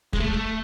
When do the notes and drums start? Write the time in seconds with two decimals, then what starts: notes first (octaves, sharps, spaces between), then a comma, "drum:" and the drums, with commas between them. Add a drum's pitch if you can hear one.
0.13 G#3, drum: kick
0.20 A3